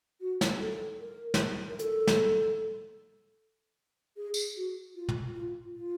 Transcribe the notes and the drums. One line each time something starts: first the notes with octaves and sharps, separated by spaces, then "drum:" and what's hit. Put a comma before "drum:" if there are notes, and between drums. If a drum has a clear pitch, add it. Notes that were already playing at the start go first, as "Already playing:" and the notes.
F#4
drum: snare
A4
A#4
drum: snare
A#4
A4, drum: hi-hat
drum: snare
G#4
drum: tambourine
F#4
F4
drum: tom
F4
F4